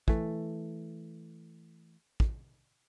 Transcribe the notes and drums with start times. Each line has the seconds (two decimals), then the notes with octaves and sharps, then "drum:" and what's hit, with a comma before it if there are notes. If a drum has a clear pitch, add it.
0.08 E3 A3, drum: kick
2.20 drum: kick